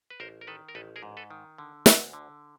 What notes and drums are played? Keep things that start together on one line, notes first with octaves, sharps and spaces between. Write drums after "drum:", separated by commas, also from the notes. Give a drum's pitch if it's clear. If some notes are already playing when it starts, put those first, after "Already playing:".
B4
A1 A#4 C5
A#4
D#3 A4 B4
A#4
A1 A4 B4
G#4 A#4
G#2
A4 B4
D#3
D3
D2, drum: snare
D3